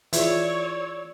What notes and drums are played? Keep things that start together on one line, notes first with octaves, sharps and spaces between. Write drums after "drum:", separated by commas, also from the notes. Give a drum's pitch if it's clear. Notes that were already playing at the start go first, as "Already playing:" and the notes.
E3 F4 G#4 C#5 D5 E5 E6, drum: hi-hat